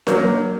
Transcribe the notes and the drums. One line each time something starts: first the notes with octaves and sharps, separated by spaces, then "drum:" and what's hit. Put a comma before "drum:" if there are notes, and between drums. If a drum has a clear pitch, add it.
F#3 A#3, drum: snare D4